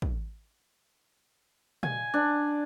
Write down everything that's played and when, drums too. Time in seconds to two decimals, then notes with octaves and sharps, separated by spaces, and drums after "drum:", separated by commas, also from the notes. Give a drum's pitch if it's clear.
0.02 drum: kick
1.83 G#5, drum: tom
2.14 D4